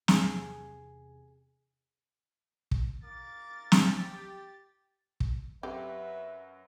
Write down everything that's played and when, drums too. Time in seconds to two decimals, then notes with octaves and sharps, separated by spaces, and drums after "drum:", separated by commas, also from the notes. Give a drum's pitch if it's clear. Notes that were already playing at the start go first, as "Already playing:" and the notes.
0.08 E2 C3 G#4, drum: snare
2.71 drum: kick
3.04 A#4 F5 D6 A6
3.72 G4, drum: snare
5.20 drum: kick
5.63 F#2 C4 G4 B4 E5